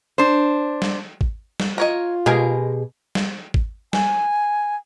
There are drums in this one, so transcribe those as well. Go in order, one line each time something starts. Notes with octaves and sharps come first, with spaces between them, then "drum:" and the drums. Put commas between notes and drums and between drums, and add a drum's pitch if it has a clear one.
D4 C5
drum: snare
drum: kick G#1
drum: snare
F4 A#4 C#5 D#5
B2 G#3 G4 G#4 A#4
drum: snare
drum: kick G#1
G#5, drum: snare